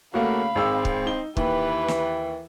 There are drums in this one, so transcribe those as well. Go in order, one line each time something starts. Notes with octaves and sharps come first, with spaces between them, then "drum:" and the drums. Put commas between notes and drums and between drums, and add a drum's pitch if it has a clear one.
C#3 A3 A#3 F#4 F5 B5
G#1 G#3 C4 E6
drum: kick
D#4 G7
D#2 E3 G4 B4, drum: kick
drum: snare